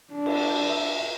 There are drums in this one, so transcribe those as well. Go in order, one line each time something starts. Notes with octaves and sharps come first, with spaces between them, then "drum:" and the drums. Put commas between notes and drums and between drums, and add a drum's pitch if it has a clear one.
D4
drum: cymbal
E5